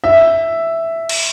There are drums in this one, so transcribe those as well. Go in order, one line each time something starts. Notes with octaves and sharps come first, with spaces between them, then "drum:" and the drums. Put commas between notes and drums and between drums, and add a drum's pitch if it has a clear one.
E5
drum: cymbal